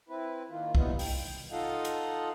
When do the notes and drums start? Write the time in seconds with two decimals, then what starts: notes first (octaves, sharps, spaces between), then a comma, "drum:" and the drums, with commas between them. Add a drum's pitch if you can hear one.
0.09 C4 E4 B4
0.49 D#3 A#3 F4
0.75 G2 A#2 E3 B3 D#4 F4, drum: kick
0.99 G5, drum: open hi-hat
1.52 D#4 F4 A4 D#5 F5 F#5
1.85 drum: hi-hat